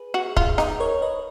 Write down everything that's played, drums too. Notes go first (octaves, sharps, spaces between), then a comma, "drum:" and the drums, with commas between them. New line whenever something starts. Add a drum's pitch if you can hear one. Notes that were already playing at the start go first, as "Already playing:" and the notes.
Already playing: G#4 B4
F#4
F4, drum: kick
D#4, drum: rim click
A#4 C#5
B4 D#5